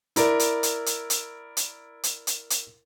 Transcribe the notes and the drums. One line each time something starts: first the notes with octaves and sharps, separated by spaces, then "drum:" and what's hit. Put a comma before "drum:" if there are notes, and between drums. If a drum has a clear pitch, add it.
E4 A#4 D5, drum: hi-hat
drum: hi-hat
drum: hi-hat
drum: hi-hat
drum: hi-hat
drum: hi-hat
drum: hi-hat
drum: hi-hat
drum: hi-hat